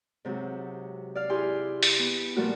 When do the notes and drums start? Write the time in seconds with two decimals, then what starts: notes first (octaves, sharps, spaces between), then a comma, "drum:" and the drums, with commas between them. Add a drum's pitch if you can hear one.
0.25 G#2 C3 F#3
1.15 D5 F5
1.30 E4 G4 G#4 G#5 C6
1.83 drum: open hi-hat
1.99 B3
2.36 A#2 F3 G3 A3 A#3 F#4